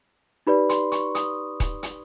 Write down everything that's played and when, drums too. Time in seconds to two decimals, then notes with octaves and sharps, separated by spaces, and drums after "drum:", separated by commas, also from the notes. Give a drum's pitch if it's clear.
0.47 D#4 G4 B4 D5 B5
0.69 C6, drum: hi-hat
0.92 C#6, drum: hi-hat
1.15 D#6, drum: hi-hat
1.60 drum: kick D#1, hi-hat
1.83 drum: hi-hat